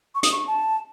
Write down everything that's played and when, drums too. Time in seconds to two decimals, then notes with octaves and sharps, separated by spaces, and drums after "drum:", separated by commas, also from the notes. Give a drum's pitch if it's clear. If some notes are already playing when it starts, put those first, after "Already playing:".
0.15 C#6
0.23 D#6, drum: hi-hat
0.32 C#6
0.47 A5